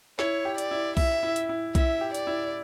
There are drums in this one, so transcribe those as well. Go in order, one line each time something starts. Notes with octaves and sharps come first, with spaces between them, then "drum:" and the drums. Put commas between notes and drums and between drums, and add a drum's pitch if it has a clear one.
E4 C#5, drum: snare
G4
D5, drum: hi-hat
E4
E4 E5, drum: kick B1, open hi-hat
E4
drum: hi-hat
E4
E4 E5, drum: kick B1, hi-hat
G4
D5, drum: hi-hat
E4